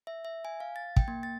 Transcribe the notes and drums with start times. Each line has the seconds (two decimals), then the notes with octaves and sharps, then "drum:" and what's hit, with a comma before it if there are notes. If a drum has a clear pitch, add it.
0.07 E5
0.25 E5
0.45 G#5
0.60 F5
0.76 A6
0.96 G5, drum: kick
1.08 A#3
1.23 A6